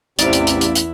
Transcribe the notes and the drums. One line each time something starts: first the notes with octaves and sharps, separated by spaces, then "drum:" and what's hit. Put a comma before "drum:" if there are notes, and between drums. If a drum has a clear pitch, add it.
A1 E2 C3 E4 D5 F5, drum: hi-hat
drum: hi-hat
drum: hi-hat
drum: hi-hat
drum: hi-hat